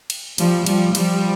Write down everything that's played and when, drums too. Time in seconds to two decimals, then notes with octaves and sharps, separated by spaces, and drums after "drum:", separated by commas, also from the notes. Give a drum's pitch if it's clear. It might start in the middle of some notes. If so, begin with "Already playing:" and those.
0.10 drum: cymbal
0.38 F3 G3, drum: cymbal
0.66 F3 G3, drum: cymbal
0.95 F3 G3, drum: cymbal